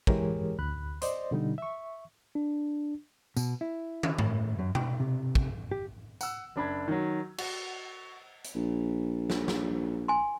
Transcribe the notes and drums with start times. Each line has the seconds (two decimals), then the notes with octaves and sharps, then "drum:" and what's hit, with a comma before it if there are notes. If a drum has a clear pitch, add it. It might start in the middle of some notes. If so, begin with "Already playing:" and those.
0.07 E3 G#3 G4 G#4 A#4 C#5, drum: kick
0.59 D2 B5 F#6
1.02 C5 D5 D#5 C6, drum: hi-hat
1.31 B2 D3 G3 D#4
1.58 E5 C#6
2.35 D4
3.37 B2, drum: tambourine
3.61 E4
4.03 drum: tom
4.19 A2, drum: tom G2
4.59 F#2
4.75 G5, drum: tom B2
5.00 C3
5.35 drum: kick
5.71 G4
6.21 F#5 E6, drum: tambourine
6.56 F#1 D4 B5 G#6
6.88 D#3 F#3
7.38 F#4, drum: cymbal
8.44 drum: hi-hat
8.55 A#1
9.30 drum: snare
9.48 drum: snare
10.08 G#5 C6